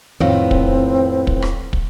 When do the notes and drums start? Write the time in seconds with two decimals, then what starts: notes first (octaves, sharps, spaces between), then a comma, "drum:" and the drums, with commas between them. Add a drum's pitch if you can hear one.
0.20 F2 A2 D#3 B3 C4 C#5 F5
0.51 drum: kick
1.27 drum: kick
1.42 drum: rim click
1.73 drum: kick